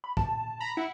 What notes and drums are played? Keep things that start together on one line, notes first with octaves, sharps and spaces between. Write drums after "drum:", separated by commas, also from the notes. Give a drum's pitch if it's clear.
B5
A5, drum: kick
A#5 B5
E4 F#5